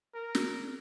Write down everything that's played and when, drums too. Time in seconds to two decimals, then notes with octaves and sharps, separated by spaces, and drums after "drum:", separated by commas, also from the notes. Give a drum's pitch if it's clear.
0.14 A#4
0.35 drum: snare